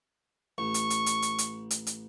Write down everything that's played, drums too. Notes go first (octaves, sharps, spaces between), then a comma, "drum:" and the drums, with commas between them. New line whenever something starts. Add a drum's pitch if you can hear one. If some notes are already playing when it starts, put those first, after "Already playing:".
A1 C#6
drum: hi-hat
drum: hi-hat
drum: hi-hat
drum: hi-hat
drum: hi-hat
drum: hi-hat
drum: hi-hat